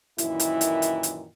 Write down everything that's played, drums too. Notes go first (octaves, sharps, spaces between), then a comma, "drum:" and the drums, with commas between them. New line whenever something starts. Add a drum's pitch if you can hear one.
F#2 A#2 D#3 E3 E4, drum: hi-hat
drum: hi-hat
drum: hi-hat
drum: hi-hat
drum: hi-hat